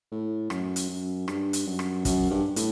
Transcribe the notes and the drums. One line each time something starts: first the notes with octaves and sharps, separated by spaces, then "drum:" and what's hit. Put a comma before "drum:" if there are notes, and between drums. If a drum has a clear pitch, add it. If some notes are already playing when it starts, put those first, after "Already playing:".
A2
F#2, drum: rim click
drum: hi-hat
F#2
G2, drum: rim click
drum: hi-hat
F#2
drum: rim click
F#2, drum: kick, hi-hat
G2
A2, drum: hi-hat